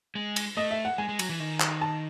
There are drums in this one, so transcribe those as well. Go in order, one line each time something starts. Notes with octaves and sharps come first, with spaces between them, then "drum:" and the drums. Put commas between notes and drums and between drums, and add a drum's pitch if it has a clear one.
G#3
drum: cymbal
A3 D#5
E5
F#5
G#3 G#5
G#3
F#3, drum: cymbal
E3
D#3
drum: clap
A5